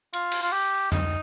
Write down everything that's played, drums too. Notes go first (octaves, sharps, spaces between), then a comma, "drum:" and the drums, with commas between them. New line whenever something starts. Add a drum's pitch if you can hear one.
F4, drum: cymbal
drum: cymbal
F4
G4
D#4, drum: tom F2